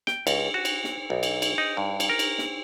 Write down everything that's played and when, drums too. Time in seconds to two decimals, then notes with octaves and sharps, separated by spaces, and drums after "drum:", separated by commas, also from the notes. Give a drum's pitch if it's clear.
0.07 G5, drum: snare
0.27 C#2, drum: cymbal
0.54 F#4
0.65 drum: cymbal
0.84 drum: snare
1.10 B1
1.23 drum: cymbal
1.42 drum: cymbal
1.58 D#4
1.77 G2
2.00 drum: cymbal
2.09 A#4
2.19 drum: cymbal
2.38 drum: snare